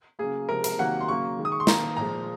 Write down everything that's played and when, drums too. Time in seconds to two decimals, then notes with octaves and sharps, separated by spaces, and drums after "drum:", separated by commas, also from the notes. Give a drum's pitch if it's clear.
0.19 C#3 F#3 A#3 G#4
0.48 C3 F3 G#3 A#4
0.64 A#4, drum: hi-hat
0.79 C3 D#3 F#3 A#3 F#5
1.01 C6
1.08 C#3 F#3 A#3 C#6
1.38 D#3 G#3
1.45 D#6
1.52 C#6
1.60 C6
1.67 D#3 A#3 A#5, drum: snare
1.97 A#2 F3 G#3 A#5